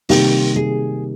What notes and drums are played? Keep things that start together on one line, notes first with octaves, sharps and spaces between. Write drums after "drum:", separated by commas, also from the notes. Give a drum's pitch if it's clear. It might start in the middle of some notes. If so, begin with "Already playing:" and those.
C3 D#3 G3 A#3 D#4 G4, drum: open hi-hat
G#4